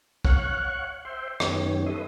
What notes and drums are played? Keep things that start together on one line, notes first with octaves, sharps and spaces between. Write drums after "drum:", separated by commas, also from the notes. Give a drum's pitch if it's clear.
C#5 F5 F#5 C#6 F#6, drum: kick
C5 E5 G5 C6
F#2 D#3 B3 C#4 G4 C#5, drum: rim click
A4 B4 D#5 E5 C6 D#6